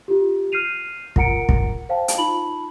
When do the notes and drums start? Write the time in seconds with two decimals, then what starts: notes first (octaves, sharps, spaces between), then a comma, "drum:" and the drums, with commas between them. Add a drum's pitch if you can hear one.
0.08 F4 G4
0.52 F6 G6 C7 D#7 F7
1.16 F4 A#4 F#5 A#5 C#7 D7, drum: kick
1.49 drum: kick
1.89 C5 F5 G5 A5
2.08 drum: hi-hat
2.17 D#4 F4 A5 B5 F#7